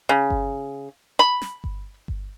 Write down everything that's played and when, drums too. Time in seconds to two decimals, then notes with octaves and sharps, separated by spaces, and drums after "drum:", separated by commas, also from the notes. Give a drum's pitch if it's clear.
0.09 C#3
0.30 drum: kick G1
1.19 B5
1.42 drum: snare
1.64 drum: kick G1
2.08 drum: kick G1